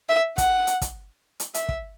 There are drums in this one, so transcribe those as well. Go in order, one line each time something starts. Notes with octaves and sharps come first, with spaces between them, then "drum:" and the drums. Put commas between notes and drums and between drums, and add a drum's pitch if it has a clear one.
E5
F#5, drum: kick, hi-hat
drum: hi-hat
drum: kick, hi-hat
drum: hi-hat
E5, drum: hi-hat
drum: kick